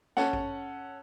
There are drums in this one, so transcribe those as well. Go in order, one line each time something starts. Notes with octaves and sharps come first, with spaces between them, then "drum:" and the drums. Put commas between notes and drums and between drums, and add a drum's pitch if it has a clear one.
C#4 A4 F#5, drum: snare
drum: kick G#1